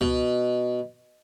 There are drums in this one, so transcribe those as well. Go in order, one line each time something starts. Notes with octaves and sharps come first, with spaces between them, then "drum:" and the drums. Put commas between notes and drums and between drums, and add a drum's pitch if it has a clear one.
B2, drum: kick